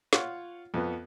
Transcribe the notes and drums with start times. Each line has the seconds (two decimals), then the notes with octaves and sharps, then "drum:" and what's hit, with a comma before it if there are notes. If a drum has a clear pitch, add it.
0.13 F4 C#5 F#5, drum: snare
0.74 F2 B3